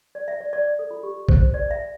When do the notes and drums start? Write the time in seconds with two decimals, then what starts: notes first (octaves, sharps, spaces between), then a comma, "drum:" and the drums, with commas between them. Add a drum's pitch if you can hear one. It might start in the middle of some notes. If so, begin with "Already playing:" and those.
0.15 D5
0.28 E5
0.41 D5
0.53 D5
0.79 A4
0.91 F4
1.03 G4
1.29 C5, drum: kick B1
1.54 D5
1.71 E5